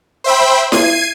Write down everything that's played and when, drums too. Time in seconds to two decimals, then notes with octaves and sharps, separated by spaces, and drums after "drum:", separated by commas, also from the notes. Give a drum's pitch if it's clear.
0.24 C5 E5 G5 B5
0.72 G#6 C7 D#7, drum: snare E4